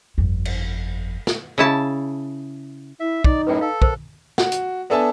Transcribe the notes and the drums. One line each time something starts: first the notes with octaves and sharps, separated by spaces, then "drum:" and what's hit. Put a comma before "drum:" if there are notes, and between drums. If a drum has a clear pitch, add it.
G1 F2
drum: cymbal
drum: snare
C#3 E4 A5
E4 E5
D#4 D5, drum: kick
F#2 A2 B4 G5
A4 F5
A#4 C5, drum: kick
F#4, drum: snare
drum: hi-hat
B3 D4 A4 E5 G#5 A5